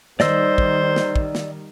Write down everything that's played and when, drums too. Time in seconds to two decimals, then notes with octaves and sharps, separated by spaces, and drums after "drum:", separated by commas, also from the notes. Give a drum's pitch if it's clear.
0.20 D#3 G3 C5 D5 D#5 E6, drum: snare
0.58 drum: kick
0.96 drum: snare
1.16 drum: kick
1.35 drum: snare